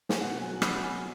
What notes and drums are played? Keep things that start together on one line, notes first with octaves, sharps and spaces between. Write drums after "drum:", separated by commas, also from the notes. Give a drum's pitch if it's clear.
G#5, drum: snare
B2 F#5
F#3 G#5
F#3 B5, drum: rim click
B2 G#5